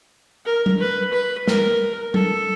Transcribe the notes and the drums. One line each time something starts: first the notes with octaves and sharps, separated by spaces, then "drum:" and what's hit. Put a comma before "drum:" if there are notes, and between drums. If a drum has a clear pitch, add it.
A#4
drum: tom
B4
B4
A#4, drum: snare
A4, drum: tom